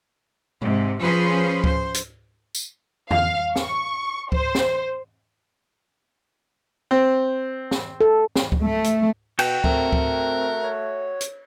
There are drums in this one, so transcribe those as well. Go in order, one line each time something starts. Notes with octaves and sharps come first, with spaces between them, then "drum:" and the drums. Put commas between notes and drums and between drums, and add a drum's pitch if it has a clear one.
G#2 C3 G#3, drum: tom
F3 C#4 F4 G#4 B4 C5
C5, drum: kick C#2
drum: hi-hat
drum: tambourine
F5, drum: tom E2
C#6, drum: snare
C5, drum: kick C#2
drum: snare
C4
drum: snare
A4
drum: snare
drum: kick C#2
A3
drum: hi-hat
B2 F#4 G5 G6, drum: cymbal
A3 C4 A#4, drum: kick C#2
drum: kick C#2
C#5
drum: hi-hat